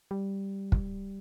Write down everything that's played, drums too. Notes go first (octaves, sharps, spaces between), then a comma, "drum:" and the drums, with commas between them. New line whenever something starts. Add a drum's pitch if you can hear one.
G3
drum: kick